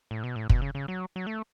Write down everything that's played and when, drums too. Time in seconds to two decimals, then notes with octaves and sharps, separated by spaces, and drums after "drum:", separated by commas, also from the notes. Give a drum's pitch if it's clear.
0.11 A2
0.24 B2
0.36 A2
0.49 B2, drum: kick
0.62 C#3
0.75 C#3
0.88 F#3
1.16 F#3
1.27 A3